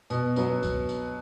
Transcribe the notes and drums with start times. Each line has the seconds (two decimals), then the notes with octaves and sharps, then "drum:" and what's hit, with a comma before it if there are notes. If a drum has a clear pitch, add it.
0.10 B2, drum: tambourine
0.36 F#3 B3, drum: tambourine
0.63 drum: kick, tambourine
0.89 drum: tambourine